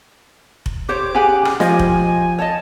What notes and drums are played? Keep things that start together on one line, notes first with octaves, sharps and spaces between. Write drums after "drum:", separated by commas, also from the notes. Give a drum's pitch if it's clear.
drum: kick F1
G4 C5 C#5 D6
C#4 G4 G#4 F#5 G#5
drum: rim click
F3 G4 D#5 G#5, drum: snare
drum: kick F1
C#5 D#5 A5